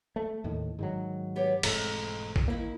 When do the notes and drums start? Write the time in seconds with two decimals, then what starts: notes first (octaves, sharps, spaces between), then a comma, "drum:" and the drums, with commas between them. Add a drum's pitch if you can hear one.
0.16 A3
0.44 D#2 A2 D#3
0.79 G#2 D#3 F#3
1.36 B3 G4 C#5
1.63 E1 F2 G#2 A3 A#5, drum: cymbal
2.36 drum: kick
2.48 D#3 A#3 E4